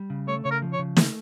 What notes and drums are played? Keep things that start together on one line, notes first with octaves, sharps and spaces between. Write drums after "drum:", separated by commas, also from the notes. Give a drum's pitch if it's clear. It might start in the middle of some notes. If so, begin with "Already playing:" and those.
Already playing: G3
C#3
A3 C#5
C#3 C#5
A#4
F3
C#5
C#3
A3, drum: snare